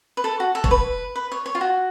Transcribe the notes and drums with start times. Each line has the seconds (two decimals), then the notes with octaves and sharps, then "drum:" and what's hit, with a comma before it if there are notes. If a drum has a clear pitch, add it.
0.17 B4
0.24 A4
0.40 F#4
0.55 A4
0.64 C#5, drum: kick E1
0.71 B4
1.16 B4
1.32 C#5
1.46 C#5
1.55 F4
1.61 F#4